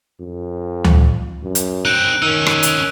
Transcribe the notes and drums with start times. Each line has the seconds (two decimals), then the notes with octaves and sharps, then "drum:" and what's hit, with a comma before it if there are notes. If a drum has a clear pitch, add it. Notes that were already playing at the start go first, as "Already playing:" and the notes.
0.20 F2
0.84 drum: tom D2
1.43 F#2
1.55 drum: hi-hat
1.85 C4 D#4 F#6 D7
2.22 D#3 C#4 D#4 E6
2.46 drum: rim click
2.63 drum: hi-hat